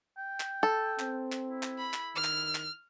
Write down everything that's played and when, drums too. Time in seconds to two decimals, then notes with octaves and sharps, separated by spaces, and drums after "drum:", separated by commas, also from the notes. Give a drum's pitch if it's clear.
0.18 G5
0.40 drum: clap
0.63 A4
0.99 C4, drum: clap
1.32 drum: clap
1.48 E4
1.63 drum: clap
1.78 B5
1.94 drum: clap
2.15 D#3 F6
2.24 drum: clap
2.55 drum: clap